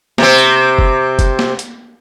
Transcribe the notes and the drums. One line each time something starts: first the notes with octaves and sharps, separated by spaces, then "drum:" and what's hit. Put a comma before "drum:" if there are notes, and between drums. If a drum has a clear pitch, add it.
C3 C4, drum: snare
drum: hi-hat
drum: kick F#1
drum: kick F#1, hi-hat
drum: snare
drum: hi-hat